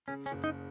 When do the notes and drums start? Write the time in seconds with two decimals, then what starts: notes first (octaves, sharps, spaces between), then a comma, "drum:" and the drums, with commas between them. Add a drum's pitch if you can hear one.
0.08 C#3 C#4
0.26 C#4, drum: hi-hat
0.32 F#1
0.44 D#4